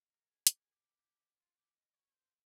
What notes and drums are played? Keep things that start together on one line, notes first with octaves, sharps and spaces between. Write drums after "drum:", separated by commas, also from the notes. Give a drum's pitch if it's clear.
A#4
G#4
G4, drum: hi-hat
G#4
G4
F4
G4
D#5
C#5
C5